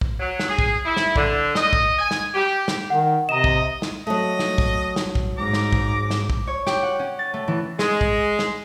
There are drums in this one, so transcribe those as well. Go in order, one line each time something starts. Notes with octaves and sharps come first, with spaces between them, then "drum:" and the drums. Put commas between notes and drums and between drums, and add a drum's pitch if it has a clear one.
drum: kick
F#3
drum: snare
G#4
drum: kick
E4
drum: snare
D3, drum: kick
D#5, drum: snare
drum: kick
G#5
drum: snare
G4
drum: snare
D#3 F#5
C3 D#5 A#5 E7
drum: kick
drum: snare
F#3 A3 D#5
drum: snare
drum: kick
drum: snare
drum: kick
G#2 A#5 D6
drum: snare
drum: kick
drum: snare
drum: kick
C#5
G4, drum: snare
F#5
C#4
A6
A3
E3
G#3, drum: snare
drum: kick
drum: snare